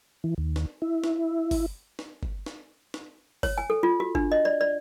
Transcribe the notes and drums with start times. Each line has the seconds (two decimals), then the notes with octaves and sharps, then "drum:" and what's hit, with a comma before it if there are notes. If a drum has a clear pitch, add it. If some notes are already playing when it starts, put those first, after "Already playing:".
0.24 E3
0.38 D#2
0.56 drum: snare
0.82 E4
1.04 drum: snare
1.51 drum: kick G1, open hi-hat
1.99 drum: snare
2.23 drum: kick G1
2.46 drum: snare
2.94 drum: snare
3.43 C#5, drum: kick G1, open hi-hat
3.58 G#5
3.70 A4
3.83 F4
4.00 F#4
4.15 D4, drum: kick G1
4.32 D#5
4.45 D5
4.61 D5